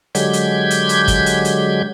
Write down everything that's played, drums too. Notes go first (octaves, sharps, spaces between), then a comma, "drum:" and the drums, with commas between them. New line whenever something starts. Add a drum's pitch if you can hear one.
D3 F#3 G#3 G4 G6 G#6, drum: hi-hat
drum: hi-hat
drum: hi-hat
drum: hi-hat
drum: kick G1, hi-hat
drum: hi-hat
drum: hi-hat